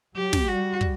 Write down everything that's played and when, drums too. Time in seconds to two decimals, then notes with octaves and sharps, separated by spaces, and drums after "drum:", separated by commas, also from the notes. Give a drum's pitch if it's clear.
0.16 F#3 G4
0.33 drum: snare
0.48 G3 F#4
0.81 drum: kick